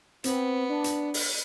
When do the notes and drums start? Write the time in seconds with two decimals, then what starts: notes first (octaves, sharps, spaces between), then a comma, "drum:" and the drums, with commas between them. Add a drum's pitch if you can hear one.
0.24 B3 C4, drum: hi-hat
0.70 D4
0.84 drum: hi-hat
1.14 drum: open hi-hat